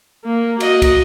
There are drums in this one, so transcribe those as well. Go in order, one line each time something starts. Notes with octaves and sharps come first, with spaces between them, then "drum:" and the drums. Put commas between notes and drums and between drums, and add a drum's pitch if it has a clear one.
A#3
F#4 D#5, drum: cymbal
drum: kick, cymbal